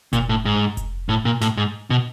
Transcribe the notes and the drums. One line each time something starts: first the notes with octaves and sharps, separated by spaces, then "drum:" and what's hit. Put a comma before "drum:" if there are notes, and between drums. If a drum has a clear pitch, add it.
A#2, drum: kick F1, hi-hat
A2
G#2
drum: kick F1, hi-hat
A2
A#2
A2, drum: snare
G#2
B2